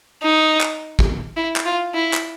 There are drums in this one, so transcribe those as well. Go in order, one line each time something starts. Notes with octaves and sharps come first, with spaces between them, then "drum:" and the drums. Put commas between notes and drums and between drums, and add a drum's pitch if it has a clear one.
D#4
drum: clap
drum: kick
E4
drum: clap
F4
E4
drum: clap